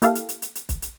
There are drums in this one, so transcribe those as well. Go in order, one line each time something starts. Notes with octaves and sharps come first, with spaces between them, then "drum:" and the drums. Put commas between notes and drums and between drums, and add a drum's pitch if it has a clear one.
A#3 E4 G4 A4 F5, drum: hi-hat
drum: hi-hat
drum: hi-hat
drum: hi-hat
drum: hi-hat
drum: kick, hi-hat
drum: hi-hat